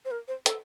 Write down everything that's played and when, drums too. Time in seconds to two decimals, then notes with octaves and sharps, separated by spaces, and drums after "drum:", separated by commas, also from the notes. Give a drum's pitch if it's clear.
0.05 C5
0.11 A#4
0.28 C5
0.46 A4, drum: hi-hat